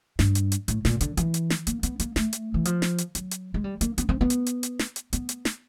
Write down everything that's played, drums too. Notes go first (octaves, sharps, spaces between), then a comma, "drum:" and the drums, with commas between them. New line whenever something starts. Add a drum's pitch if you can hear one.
G2, drum: snare
drum: hi-hat
drum: hi-hat
A2, drum: hi-hat
A#2, drum: snare
D3, drum: hi-hat
E3, drum: hi-hat
drum: hi-hat
drum: snare
A#3, drum: hi-hat
B3, drum: hi-hat
A#3, drum: hi-hat
A3, drum: snare
drum: hi-hat
E3
F3, drum: hi-hat
drum: snare
drum: hi-hat
F#3, drum: hi-hat
drum: hi-hat
G#3
G3
A#3, drum: hi-hat
B3, drum: hi-hat
C4
B3
drum: hi-hat
drum: hi-hat
drum: hi-hat
drum: snare
drum: hi-hat
B3, drum: hi-hat
drum: hi-hat
drum: snare